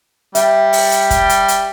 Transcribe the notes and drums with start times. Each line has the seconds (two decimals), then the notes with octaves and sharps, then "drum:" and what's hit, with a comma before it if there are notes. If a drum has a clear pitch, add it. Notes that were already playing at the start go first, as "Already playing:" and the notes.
0.35 G3 E5, drum: hi-hat
0.73 drum: open hi-hat
0.92 drum: hi-hat
1.11 drum: kick, hi-hat
1.29 drum: hi-hat
1.48 drum: hi-hat